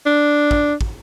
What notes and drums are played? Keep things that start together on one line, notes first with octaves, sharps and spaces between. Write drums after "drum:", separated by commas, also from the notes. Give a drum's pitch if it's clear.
D4
drum: kick
drum: kick